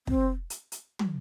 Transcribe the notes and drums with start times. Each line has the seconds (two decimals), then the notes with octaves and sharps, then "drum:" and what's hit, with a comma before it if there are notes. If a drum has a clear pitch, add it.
0.07 C4, drum: kick
0.50 drum: hi-hat
0.72 drum: hi-hat
0.99 drum: tom